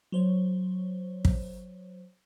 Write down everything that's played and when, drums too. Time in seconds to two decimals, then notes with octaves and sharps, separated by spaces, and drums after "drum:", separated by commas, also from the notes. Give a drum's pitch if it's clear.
0.12 F#3 C5 C#5
1.25 drum: kick